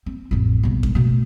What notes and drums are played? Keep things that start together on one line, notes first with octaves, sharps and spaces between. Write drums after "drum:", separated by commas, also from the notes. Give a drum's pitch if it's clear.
C4
A1 F2
B1 G2
drum: kick F#2
B2 A3